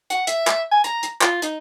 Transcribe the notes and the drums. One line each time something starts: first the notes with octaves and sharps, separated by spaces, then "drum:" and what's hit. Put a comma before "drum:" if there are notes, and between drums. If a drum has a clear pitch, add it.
F#5, drum: hi-hat
E5, drum: hi-hat
drum: clap
G#5
A#5, drum: hi-hat
drum: hi-hat
F4, drum: clap
D#4, drum: hi-hat